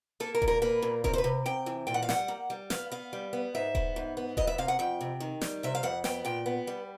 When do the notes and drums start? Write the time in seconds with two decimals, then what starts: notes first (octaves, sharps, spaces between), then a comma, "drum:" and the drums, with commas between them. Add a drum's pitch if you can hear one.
0.20 A#3 A4
0.35 A#4
0.42 A#2, drum: kick D#1
0.48 A#4
0.62 A#3 B4
0.82 A#2
1.04 C3 A#4, drum: kick D#1
1.13 C5
1.18 B4
1.24 C3
1.46 C3 G5
1.66 E3
1.87 A#2 G5
1.94 F#5
2.02 F5
2.09 G3 F#5, drum: snare
2.28 A#3
2.50 G3
2.70 B3 F5, drum: snare
2.92 B3 F5
3.13 G3
3.33 B3
3.55 G#2 E5
3.75 B3, drum: kick D#1
3.96 G#2
4.17 B3
4.37 F2 D#5, drum: kick D#1
4.47 E5
4.58 C3 F5
4.68 F#5
4.79 F2 G5
5.01 C3
5.20 D#3
5.41 G3, drum: snare
5.63 C3 E5
5.75 F5
5.83 F2 F#5
6.04 B3 G5, drum: snare
6.25 A#2 G5
6.46 B3
6.67 G3